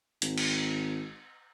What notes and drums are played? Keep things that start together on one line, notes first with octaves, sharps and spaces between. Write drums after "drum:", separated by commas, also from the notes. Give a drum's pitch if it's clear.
G#1, drum: hi-hat
drum: cymbal